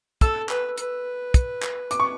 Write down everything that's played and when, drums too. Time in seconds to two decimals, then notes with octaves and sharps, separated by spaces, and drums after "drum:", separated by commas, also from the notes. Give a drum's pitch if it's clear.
0.21 A4 E6, drum: kick, hi-hat
0.49 B4, drum: clap
0.78 B4, drum: hi-hat
1.34 drum: kick, hi-hat
1.62 drum: clap
1.91 D6, drum: hi-hat
2.00 C#6